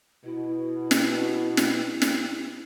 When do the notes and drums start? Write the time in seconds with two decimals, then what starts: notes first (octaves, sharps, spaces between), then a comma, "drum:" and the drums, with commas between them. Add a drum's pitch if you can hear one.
0.24 B2 E4
0.91 drum: snare
1.57 drum: snare
2.02 drum: snare